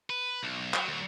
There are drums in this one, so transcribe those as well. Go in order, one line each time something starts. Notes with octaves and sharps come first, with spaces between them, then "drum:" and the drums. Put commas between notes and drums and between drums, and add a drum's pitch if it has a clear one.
B4
B1
F#3, drum: clap
D2 F#3